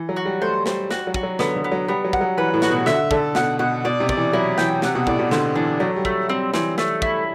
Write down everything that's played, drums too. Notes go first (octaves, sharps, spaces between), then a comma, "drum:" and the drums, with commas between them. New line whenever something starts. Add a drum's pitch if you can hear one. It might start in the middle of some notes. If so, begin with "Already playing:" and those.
Already playing: E3
F#3
F#4
G3
A3 C5
G3 C5, drum: snare
G3 F#4, drum: snare
F#3
F#4, drum: kick
F#3
D3 B3, drum: snare
D3
B3
F#3
G3 B3
F#3
F#5, drum: kick
F#3
E3 B4
A2
F#4, drum: snare
B2
D3 E5, drum: snare
D3 A4, drum: kick
B2 F#5, drum: snare
B2 F#5
B2 D5
C3
D5, drum: kick
E3
F#3 E4
E3 G5, drum: snare
C3 F#5, drum: snare
B2
A2 D5, drum: kick
B2
D3 C5, drum: snare
E3 D4
F#3 A3
G3
A3, drum: kick
G3 C4
E3 C4, drum: snare
A3, drum: snare
E4, drum: kick